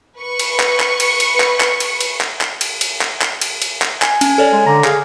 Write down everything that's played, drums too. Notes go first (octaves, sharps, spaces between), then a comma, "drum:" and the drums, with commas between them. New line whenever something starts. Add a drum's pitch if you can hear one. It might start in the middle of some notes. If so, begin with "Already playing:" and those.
B4 C#6
drum: cymbal
drum: clap
drum: clap
drum: cymbal
drum: cymbal
drum: clap
drum: clap
drum: cymbal
drum: cymbal
drum: clap
drum: clap
drum: cymbal
drum: cymbal
drum: clap
drum: clap
drum: cymbal
drum: cymbal
drum: clap
G#5, drum: clap
C#4, drum: cymbal
A4 C#5 D5
G#3
D3 A#5
G#4 F5, drum: clap